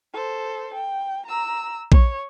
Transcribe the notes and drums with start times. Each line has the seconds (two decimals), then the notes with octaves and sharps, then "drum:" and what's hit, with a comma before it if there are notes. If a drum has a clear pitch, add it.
0.13 A4 C5
0.74 G5
1.26 A#5 E6
1.92 C#5, drum: kick A#1